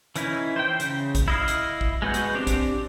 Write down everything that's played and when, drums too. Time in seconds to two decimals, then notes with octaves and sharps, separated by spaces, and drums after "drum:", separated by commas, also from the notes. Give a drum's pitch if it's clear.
0.16 E3 C#4 D#4 E4, drum: hi-hat
0.56 C5 G5
0.80 C#3, drum: hi-hat
1.15 drum: kick, hi-hat
1.28 E4 D#5 F5
1.48 drum: hi-hat
1.81 drum: kick
2.02 G#3 B3 F#4 B4 G6
2.14 drum: hi-hat
2.34 C4 D4 G4
2.47 drum: kick, hi-hat